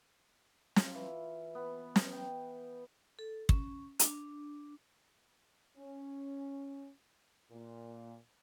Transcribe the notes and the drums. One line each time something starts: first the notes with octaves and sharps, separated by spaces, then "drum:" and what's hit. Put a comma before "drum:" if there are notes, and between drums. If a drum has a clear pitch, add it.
F4, drum: snare
E3
B3
drum: snare
G5
A4
C#4, drum: kick
D4, drum: hi-hat
C#4
A#2